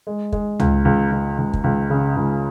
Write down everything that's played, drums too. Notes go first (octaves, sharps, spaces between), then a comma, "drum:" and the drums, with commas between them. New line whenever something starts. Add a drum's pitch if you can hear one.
G#3
G#3, drum: kick
C#2, drum: tom C#2
C#2
C#2
C#2
drum: kick
C#2
C#3
C#2